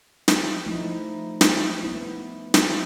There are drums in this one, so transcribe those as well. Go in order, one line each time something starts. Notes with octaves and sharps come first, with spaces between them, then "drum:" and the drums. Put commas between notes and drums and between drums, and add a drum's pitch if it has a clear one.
drum: snare
F3 A3 D#4 E4
drum: snare
B3 E4
drum: snare